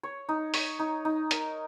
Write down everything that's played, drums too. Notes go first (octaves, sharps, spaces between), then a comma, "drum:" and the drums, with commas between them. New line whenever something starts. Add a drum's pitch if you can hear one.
C#5
D#4
C#5, drum: open hi-hat
D#4
D#4
A#4, drum: hi-hat